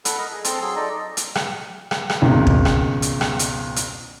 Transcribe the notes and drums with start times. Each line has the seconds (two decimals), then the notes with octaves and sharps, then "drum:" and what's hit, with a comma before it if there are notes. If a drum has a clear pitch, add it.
0.05 A4 F#5 B5, drum: hi-hat
0.18 A#4 D#5
0.32 G#4
0.45 C4 A4 A5 C6, drum: hi-hat
0.61 F#3 G#4 C6 E6
0.76 D#4 A4 D5 D#5
1.17 drum: hi-hat
1.35 drum: rim click
1.91 drum: rim click
2.10 drum: rim click
2.22 G#1 C#2 B2 D#3
2.47 drum: kick
2.65 drum: rim click
3.02 drum: hi-hat
3.21 drum: rim click
3.39 drum: hi-hat
3.76 drum: hi-hat